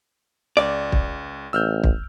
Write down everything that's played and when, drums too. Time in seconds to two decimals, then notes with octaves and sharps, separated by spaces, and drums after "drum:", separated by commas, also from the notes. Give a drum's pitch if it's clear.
0.57 C#2 D5
0.92 drum: kick
1.53 A1 E6 F6 G6
1.84 drum: kick